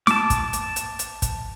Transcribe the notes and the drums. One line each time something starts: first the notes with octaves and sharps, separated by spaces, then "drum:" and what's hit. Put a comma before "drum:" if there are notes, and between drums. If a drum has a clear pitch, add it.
A5 D6, drum: snare
drum: kick, hi-hat
drum: hi-hat
drum: hi-hat
drum: hi-hat
drum: kick, hi-hat